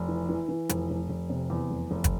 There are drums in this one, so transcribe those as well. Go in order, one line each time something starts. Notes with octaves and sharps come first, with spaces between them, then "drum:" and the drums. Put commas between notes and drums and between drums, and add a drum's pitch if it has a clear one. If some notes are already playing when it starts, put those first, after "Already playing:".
Already playing: F1
E3
E3
E3
F1, drum: hi-hat
F1
F1
C3
E2
F1
F1
drum: kick, hi-hat